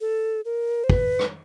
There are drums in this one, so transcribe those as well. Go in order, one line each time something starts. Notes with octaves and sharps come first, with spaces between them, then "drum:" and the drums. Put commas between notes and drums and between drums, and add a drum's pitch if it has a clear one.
A4
A#4
C5
B4, drum: kick
drum: rim click